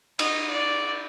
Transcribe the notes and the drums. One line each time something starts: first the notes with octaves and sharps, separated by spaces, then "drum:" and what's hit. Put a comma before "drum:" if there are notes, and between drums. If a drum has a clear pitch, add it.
D#5, drum: cymbal
D5